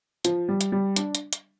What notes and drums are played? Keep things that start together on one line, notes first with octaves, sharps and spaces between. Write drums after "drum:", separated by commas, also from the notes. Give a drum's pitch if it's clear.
F3, drum: hi-hat
G3
drum: hi-hat
G3
D4, drum: hi-hat
drum: hi-hat
drum: hi-hat